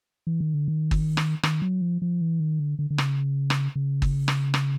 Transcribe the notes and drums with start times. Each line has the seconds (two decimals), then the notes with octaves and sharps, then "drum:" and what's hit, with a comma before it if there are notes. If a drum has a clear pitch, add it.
0.27 E3
0.40 D#3
0.54 D3
0.68 D#3
0.91 drum: kick G1
1.17 drum: rim click
1.43 D#3, drum: rim click
1.62 F#3
1.82 F3
2.02 F3
2.21 E3
2.40 D#3
2.60 D3
2.79 D3
2.91 D3
2.98 C#3, drum: rim click
3.50 drum: rim click
3.76 C#3
4.02 drum: kick G1
4.28 drum: rim click
4.54 drum: rim click